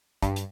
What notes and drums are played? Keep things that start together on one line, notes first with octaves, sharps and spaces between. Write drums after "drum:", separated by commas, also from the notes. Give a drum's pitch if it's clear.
G2, drum: kick, hi-hat
drum: hi-hat